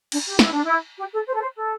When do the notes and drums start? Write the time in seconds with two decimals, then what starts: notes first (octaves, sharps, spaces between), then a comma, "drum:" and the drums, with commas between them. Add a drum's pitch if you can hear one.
0.12 D4, drum: cymbal
0.27 G4
0.39 E4, drum: snare
0.51 D4
0.64 E4
0.98 G4
1.13 A4
1.27 C5
1.34 A4
1.41 C5
1.55 A4